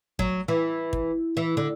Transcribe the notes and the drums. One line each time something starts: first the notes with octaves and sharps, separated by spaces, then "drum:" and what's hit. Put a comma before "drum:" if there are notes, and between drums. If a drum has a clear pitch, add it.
F#3, drum: kick
E3
drum: kick
E3
D3